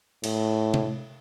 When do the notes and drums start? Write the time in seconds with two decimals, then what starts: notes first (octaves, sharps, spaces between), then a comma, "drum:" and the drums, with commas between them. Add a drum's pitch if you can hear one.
0.24 A2, drum: cymbal
0.74 drum: tom C3